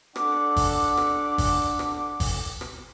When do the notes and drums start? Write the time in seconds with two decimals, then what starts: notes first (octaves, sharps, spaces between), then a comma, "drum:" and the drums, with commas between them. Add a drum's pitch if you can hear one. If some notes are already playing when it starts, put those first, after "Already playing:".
0.16 D4 A4 F#5 D6, drum: rim click
0.56 drum: kick G1, open hi-hat
0.97 drum: rim click
1.38 drum: kick G1, open hi-hat
1.79 drum: rim click
2.20 drum: kick G1, open hi-hat
2.61 drum: rim click